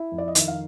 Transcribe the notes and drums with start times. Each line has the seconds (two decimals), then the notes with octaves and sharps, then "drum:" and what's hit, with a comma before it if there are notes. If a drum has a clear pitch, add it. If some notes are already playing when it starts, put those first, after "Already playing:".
Already playing: E4 E5
0.12 F2
0.18 D5
0.28 D#5
0.35 D#3 E5, drum: hi-hat
0.48 F5